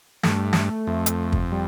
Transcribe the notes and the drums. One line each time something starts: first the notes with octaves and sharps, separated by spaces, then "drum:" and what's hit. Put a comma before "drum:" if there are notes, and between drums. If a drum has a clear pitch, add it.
G2 A3, drum: snare
drum: snare
F2
drum: hi-hat
drum: kick
G3